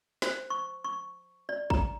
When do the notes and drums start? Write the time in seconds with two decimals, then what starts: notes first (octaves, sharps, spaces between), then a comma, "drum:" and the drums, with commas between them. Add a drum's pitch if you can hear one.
0.22 C5, drum: snare
0.50 C#6
0.84 C#6
1.49 D5
1.70 A#5, drum: kick